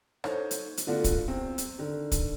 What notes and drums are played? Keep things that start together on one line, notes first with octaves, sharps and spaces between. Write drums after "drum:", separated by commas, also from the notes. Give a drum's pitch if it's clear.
D#4 A4 C5 C#5, drum: rim click
drum: hi-hat
drum: hi-hat
D3 A3 B3 D4 F4 F#4
drum: kick, hi-hat
E2 C4
drum: hi-hat
D3 D#3
drum: kick, hi-hat